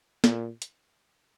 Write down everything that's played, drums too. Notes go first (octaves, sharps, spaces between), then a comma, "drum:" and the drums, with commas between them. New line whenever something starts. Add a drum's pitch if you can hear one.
A#2, drum: snare
drum: hi-hat